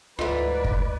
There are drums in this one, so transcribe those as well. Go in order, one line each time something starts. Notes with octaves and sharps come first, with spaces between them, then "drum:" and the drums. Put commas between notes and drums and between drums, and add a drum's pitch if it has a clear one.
D2 G#2 E3 F4 A4 B4 D5 E5
drum: kick